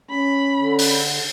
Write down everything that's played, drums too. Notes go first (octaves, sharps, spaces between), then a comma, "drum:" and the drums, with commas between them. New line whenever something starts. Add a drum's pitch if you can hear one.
C#4 B5
D3
drum: open hi-hat